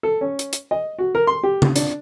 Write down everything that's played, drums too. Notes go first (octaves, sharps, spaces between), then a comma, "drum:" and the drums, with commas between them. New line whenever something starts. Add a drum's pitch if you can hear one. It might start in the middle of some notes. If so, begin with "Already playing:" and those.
A4
C#4
drum: hi-hat
drum: hi-hat
D#5
F#4
A#4
C6
G4
drum: tom C#3
D4, drum: hi-hat